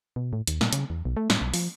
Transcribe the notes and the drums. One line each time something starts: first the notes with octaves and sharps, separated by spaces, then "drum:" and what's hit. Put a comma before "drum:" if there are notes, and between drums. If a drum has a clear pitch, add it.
B2
A2
D#2, drum: hi-hat
A#2, drum: snare
C#3, drum: hi-hat
E2
B1
A3
A2, drum: snare
B1
F3, drum: open hi-hat